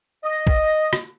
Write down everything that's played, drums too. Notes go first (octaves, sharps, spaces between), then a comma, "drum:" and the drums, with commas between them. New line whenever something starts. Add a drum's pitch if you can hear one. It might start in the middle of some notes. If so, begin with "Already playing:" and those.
D#5
drum: kick
drum: rim click